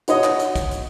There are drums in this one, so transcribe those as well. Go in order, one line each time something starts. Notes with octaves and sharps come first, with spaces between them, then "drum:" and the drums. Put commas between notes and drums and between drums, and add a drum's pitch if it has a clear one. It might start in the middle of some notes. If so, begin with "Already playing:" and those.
F#4 C#5 D#5, drum: hi-hat
drum: clap
drum: hi-hat
drum: kick, hi-hat
drum: hi-hat